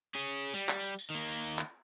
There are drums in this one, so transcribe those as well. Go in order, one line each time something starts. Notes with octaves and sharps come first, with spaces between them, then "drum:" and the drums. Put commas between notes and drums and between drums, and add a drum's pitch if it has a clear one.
C#4 G#4
G3, drum: tambourine
drum: clap
drum: tambourine
drum: tambourine
D#3 A#3
drum: tambourine
drum: tambourine
drum: clap